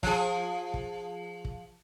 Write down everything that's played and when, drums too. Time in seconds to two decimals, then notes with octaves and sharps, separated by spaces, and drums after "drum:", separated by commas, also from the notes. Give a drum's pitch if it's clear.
0.03 F3 G#4, drum: kick
0.74 drum: kick
1.45 drum: kick